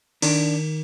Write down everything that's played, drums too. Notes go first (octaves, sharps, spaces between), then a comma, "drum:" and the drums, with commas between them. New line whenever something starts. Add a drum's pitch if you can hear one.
D#3 D4, drum: cymbal